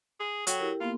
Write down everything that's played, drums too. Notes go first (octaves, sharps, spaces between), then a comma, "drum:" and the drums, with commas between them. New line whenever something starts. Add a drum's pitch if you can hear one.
G#4
F#3 A4 G5, drum: hi-hat
E4 G4 A#4
A#3 B3 F4 C6